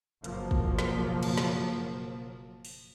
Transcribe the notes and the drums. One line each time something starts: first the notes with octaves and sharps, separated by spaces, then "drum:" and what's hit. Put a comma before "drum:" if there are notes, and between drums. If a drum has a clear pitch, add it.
F#1 B2 F3 F#3 A#3, drum: hi-hat
drum: kick
drum: snare
drum: cymbal
drum: snare
drum: open hi-hat